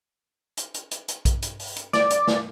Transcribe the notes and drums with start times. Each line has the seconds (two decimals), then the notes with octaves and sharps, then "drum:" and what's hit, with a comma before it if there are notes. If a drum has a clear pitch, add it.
0.57 drum: hi-hat
0.74 drum: hi-hat
0.91 drum: hi-hat
1.08 drum: hi-hat
1.25 drum: kick A#1, hi-hat
1.42 drum: hi-hat
1.59 drum: open hi-hat
1.76 drum: hi-hat
1.93 D5, drum: snare
2.10 drum: hi-hat
2.27 drum: snare